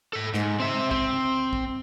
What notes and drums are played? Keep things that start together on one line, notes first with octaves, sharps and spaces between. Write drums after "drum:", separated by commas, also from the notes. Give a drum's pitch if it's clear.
A4 B5
G#2, drum: snare
C4 E5
C4, drum: kick
drum: tom C3
drum: kick